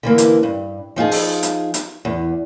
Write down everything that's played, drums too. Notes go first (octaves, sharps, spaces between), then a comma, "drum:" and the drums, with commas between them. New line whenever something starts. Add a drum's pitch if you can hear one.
D3 E3 A#3
drum: hi-hat
G2
F3 D#4 F4 G#4
drum: open hi-hat
drum: hi-hat
drum: hi-hat
E2